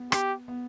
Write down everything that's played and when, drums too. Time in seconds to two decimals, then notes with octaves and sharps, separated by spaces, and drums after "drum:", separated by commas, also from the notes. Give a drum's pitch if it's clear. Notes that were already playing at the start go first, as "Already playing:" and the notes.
Already playing: B3
0.12 G4, drum: rim click
0.48 B3